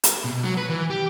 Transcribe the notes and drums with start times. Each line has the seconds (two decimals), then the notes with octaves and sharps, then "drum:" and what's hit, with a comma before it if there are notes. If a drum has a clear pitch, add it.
0.04 drum: hi-hat
0.25 B2
0.43 F#3
0.58 B4
0.70 E3
0.90 G4